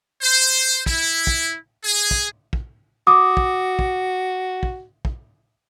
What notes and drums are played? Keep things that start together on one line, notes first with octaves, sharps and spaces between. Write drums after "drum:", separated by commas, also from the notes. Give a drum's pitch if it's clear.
C5
E4, drum: kick
drum: kick
G#4
drum: kick
drum: kick
F#4 D6 D#6
drum: kick
drum: kick
drum: kick
drum: kick